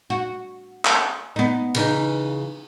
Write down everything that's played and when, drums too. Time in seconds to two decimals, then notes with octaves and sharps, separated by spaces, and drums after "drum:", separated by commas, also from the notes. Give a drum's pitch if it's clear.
0.10 F#4
0.85 drum: clap
1.36 B3 D#4
1.75 C#3 E3 D#4, drum: cymbal